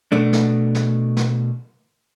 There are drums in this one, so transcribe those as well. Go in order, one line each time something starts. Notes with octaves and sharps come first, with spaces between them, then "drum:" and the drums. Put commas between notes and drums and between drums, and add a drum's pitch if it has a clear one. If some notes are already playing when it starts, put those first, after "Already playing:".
B2 A3 D4
drum: snare
drum: snare
drum: snare